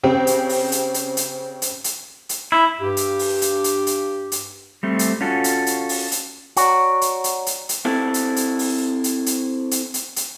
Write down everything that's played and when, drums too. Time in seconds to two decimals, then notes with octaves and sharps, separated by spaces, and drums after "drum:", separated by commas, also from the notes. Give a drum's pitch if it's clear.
0.04 C#3 C4 G4
0.27 drum: hi-hat
0.49 drum: open hi-hat
0.72 drum: hi-hat
0.94 drum: hi-hat
1.17 drum: hi-hat
1.62 drum: hi-hat
1.84 drum: hi-hat
2.29 drum: hi-hat
2.52 E4
2.81 G2 G4
2.97 drum: hi-hat
3.19 drum: open hi-hat
3.42 drum: hi-hat
3.64 drum: hi-hat
3.87 drum: hi-hat
4.32 drum: hi-hat
4.83 G3 A3 C4
4.99 drum: hi-hat
5.21 C#4 F4 F#4 A4
5.44 drum: hi-hat
5.67 drum: hi-hat
5.89 drum: open hi-hat
6.12 drum: hi-hat
6.57 F#4 C#5 D5 A#5, drum: hi-hat
7.02 drum: hi-hat
7.24 drum: hi-hat
7.46 drum: hi-hat
7.69 drum: hi-hat
7.85 C4 E4 A4
8.14 drum: hi-hat
8.36 drum: hi-hat
8.59 drum: open hi-hat
9.04 drum: hi-hat
9.26 drum: hi-hat
9.71 drum: hi-hat
9.94 drum: hi-hat
10.16 drum: hi-hat